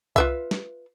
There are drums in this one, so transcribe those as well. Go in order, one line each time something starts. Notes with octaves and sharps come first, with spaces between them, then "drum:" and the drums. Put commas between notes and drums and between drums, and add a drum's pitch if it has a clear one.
F4 B4 E5, drum: kick C2
drum: snare